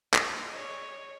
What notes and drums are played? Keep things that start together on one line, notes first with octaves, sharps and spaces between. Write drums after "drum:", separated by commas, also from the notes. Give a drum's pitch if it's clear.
G#4 D5 D#5, drum: clap
C#5